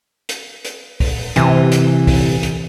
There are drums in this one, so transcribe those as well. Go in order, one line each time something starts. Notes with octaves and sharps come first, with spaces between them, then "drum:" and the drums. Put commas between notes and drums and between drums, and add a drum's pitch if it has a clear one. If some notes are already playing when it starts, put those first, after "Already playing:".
drum: hi-hat
drum: hi-hat
drum: kick, open hi-hat
C3 E3, drum: hi-hat
drum: hi-hat
drum: kick, open hi-hat
drum: hi-hat